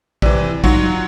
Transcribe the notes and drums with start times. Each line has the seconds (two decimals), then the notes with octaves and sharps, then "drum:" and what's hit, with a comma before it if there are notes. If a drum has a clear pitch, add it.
0.22 C3 E3 D5, drum: kick
0.64 F#3 D#4 F4 F#4, drum: kick